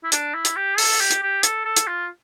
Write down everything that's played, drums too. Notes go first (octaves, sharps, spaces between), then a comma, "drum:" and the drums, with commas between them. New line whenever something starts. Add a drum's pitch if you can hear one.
E4
D4, drum: hi-hat
E4
drum: hi-hat
G4
A4, drum: open hi-hat
G4
drum: hi-hat
G4
A4, drum: hi-hat
A4
drum: hi-hat
F4